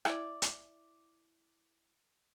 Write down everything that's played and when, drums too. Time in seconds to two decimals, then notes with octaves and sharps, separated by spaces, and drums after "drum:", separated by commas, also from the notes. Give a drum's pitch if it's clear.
0.05 E4 D5, drum: rim click
0.42 drum: hi-hat